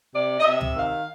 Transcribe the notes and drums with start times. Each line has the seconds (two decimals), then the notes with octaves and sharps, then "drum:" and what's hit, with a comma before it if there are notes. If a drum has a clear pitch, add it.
0.13 C3 D5
0.40 D#5
0.44 C3 E5
0.60 drum: tom C#2
0.76 D#3 F5